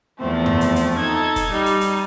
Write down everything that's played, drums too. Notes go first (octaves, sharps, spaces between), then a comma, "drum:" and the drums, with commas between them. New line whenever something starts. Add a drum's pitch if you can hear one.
E2 F3 A3 C4
drum: tom F2
drum: hi-hat
drum: hi-hat
D#4 A4 G#6
drum: kick E1, hi-hat
G3 D#4
drum: hi-hat
drum: hi-hat